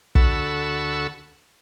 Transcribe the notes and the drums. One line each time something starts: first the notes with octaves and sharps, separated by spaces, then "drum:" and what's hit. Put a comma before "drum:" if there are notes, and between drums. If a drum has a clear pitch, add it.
D2 F#4 A4 B5 C#6 E6, drum: kick